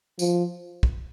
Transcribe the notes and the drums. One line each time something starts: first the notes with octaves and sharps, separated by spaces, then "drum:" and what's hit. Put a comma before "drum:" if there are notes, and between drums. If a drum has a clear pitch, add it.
F3, drum: tambourine
drum: kick